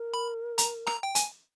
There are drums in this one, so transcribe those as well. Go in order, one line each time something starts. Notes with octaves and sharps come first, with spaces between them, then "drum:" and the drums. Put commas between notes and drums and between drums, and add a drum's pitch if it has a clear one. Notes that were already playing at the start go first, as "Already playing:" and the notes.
Already playing: A#4
B5
A#5, drum: hi-hat
A#5, drum: rim click
G5
G#5, drum: hi-hat